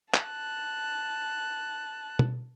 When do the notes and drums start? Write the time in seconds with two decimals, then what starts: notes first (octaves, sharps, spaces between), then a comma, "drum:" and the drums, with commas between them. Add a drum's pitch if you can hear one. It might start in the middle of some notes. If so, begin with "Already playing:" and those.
0.14 A5 F#6, drum: clap
2.19 drum: tom